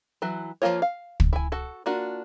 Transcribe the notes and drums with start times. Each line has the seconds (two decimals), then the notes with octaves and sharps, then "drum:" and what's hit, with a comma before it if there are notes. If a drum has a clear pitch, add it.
0.22 E3 F#3
0.62 F3 A3 A#3 F4 C#5
0.82 F5
1.20 drum: kick
1.33 E4 G#5
1.52 F#4 A4
1.86 A#3 D4 F4 F#4